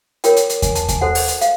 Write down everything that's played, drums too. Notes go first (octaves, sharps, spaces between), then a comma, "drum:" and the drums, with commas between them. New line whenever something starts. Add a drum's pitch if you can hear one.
F4 A#4 C#5 G5, drum: hi-hat
drum: hi-hat
drum: hi-hat
G#5, drum: kick E2, hi-hat
A5, drum: hi-hat
G#5, drum: kick E2, hi-hat
F#4 A4 C5 F#5
drum: open hi-hat
drum: hi-hat
F5, drum: hi-hat